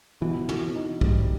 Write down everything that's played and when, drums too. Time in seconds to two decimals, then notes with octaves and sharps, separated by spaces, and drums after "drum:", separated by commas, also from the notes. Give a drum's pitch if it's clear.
0.21 B2 E3
0.49 F#4, drum: tom
0.74 D#4
1.01 G3, drum: kick